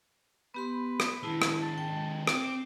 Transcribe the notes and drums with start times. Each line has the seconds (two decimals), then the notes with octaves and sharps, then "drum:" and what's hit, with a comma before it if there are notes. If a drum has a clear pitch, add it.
0.54 B3 G4 B4 C6
1.00 drum: rim click
1.23 D#2 G#3 E4 A5
1.42 drum: rim click
1.63 A5
1.78 G5
2.27 C4 D6, drum: rim click